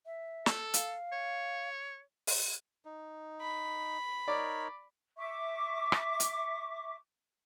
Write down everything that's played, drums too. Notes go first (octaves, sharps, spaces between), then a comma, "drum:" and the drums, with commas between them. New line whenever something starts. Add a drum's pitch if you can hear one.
E5
A4, drum: snare
F5, drum: hi-hat
C#5
drum: open hi-hat
D#4
B5
D#4 A#4 C#5 D5
E5 C#6 D6
drum: rim click
drum: hi-hat